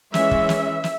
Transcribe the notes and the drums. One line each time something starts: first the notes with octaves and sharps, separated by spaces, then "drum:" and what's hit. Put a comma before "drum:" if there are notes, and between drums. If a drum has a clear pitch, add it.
E3 G#3 C#4 E5, drum: snare
drum: kick
drum: snare
drum: snare